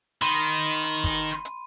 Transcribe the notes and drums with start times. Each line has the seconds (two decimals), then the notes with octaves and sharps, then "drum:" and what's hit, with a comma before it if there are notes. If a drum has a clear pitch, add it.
0.22 D#3 B5 C6 D#7, drum: hi-hat
0.83 drum: hi-hat
1.04 drum: kick, open hi-hat
1.45 drum: hi-hat